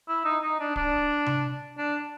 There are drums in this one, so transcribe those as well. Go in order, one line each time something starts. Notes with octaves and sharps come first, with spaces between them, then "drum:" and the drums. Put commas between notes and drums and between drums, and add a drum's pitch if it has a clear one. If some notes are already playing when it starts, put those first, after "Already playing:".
E4
D#4
D#4
D4
D4, drum: kick D1
drum: tom C3
D4